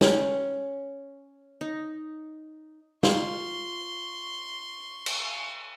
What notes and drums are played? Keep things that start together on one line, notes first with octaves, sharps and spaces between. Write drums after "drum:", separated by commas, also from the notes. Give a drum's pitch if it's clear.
C#4, drum: snare
D#4
F4 C6 C#6, drum: snare
drum: cymbal